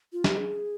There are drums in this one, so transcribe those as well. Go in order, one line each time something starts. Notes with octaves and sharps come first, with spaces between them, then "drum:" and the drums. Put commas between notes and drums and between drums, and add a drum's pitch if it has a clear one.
F4
G4, drum: snare
G#4